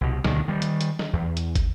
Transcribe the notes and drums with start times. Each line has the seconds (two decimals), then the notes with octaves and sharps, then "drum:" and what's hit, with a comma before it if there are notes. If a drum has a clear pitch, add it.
0.01 C2 B2
0.24 D2 B2 D#3, drum: snare
0.48 D#3 G3
0.62 drum: hi-hat
0.81 drum: hi-hat
0.99 drum: snare
1.13 E2
1.37 drum: hi-hat
1.55 drum: kick, hi-hat